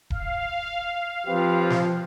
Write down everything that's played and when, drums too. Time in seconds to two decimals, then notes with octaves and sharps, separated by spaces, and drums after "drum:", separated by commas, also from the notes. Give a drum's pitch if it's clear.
0.10 F5, drum: kick D#1
1.27 F3 C4 G4 B4
1.70 drum: snare